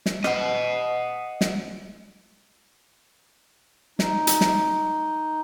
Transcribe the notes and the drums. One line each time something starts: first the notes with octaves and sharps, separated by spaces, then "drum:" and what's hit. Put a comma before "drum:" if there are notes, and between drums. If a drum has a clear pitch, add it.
drum: snare
D#5 F#5, drum: rim click
drum: snare
D#4, drum: snare
drum: hi-hat
drum: snare